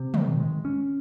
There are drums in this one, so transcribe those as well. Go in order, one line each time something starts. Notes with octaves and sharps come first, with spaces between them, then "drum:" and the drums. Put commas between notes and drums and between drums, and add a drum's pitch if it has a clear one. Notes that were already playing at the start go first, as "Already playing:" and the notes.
Already playing: C3
D#3, drum: tom
G#3
C#4